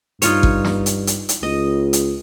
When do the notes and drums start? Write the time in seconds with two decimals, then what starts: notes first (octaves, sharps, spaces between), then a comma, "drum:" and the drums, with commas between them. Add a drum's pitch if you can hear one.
0.22 G2 D#4 F4 C#5, drum: hi-hat
0.43 drum: kick
0.64 drum: snare
0.86 drum: hi-hat
1.07 drum: hi-hat
1.29 drum: hi-hat
1.43 C#2 D#5
1.93 drum: hi-hat